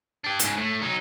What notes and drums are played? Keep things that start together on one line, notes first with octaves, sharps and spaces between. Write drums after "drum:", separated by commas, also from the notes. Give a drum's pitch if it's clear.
D4 G4
G#2 C#3, drum: hi-hat
A2
F#3 D#4